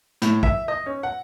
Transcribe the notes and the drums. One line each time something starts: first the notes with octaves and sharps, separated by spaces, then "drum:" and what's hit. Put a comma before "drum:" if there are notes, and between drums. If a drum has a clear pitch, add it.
A2, drum: hi-hat
E5, drum: kick A1
D#5
C#4
F#5